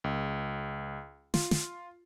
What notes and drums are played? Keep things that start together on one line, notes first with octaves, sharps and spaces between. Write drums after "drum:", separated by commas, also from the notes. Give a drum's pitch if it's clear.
C#2
F4, drum: snare
drum: snare